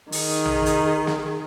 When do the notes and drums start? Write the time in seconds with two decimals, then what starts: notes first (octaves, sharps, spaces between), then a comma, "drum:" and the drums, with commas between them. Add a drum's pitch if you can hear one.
0.12 D#3 G#4, drum: open hi-hat
0.45 drum: tom A#1
0.66 drum: hi-hat
1.07 drum: snare